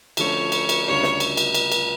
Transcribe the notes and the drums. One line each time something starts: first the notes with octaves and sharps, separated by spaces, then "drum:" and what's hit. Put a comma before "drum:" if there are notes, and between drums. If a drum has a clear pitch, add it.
D3 F3 A3 C#4 C#5, drum: cymbal
drum: cymbal
drum: cymbal
D2 C#3 G3 D4 F4 C#5
drum: snare
drum: cymbal
drum: cymbal
drum: cymbal
drum: cymbal